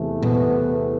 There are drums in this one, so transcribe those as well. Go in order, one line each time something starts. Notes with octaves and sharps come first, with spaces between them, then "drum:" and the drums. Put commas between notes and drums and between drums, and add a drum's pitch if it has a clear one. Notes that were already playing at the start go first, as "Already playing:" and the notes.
Already playing: E2 C3 E3 A3
B3, drum: tom A#2